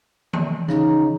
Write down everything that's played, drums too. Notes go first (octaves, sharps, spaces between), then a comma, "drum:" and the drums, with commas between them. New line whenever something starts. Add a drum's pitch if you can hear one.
drum: tom D#3
C#3 E3 D#4, drum: rim click